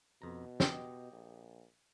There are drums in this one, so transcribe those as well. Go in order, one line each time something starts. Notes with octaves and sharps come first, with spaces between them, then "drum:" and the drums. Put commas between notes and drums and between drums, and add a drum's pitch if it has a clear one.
F2 B2 A#5
G4 D#5 G5, drum: snare
A#1